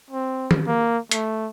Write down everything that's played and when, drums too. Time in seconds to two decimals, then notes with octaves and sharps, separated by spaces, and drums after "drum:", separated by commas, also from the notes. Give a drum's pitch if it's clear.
0.10 C4
0.51 drum: tom
0.67 A#3
1.11 A3, drum: hi-hat